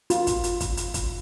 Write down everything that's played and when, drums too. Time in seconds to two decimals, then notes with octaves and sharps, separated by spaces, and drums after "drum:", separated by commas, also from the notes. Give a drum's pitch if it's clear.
0.10 F4, drum: hi-hat
0.27 drum: kick, hi-hat
0.44 drum: hi-hat
0.60 drum: kick, hi-hat
0.77 drum: hi-hat
0.94 drum: kick, hi-hat